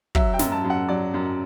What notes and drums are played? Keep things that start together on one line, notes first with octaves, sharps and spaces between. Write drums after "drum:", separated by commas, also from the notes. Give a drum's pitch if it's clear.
F#3 E5, drum: kick
G5
F#2, drum: snare
A5
F#2
F#5
F#3 D5
F#2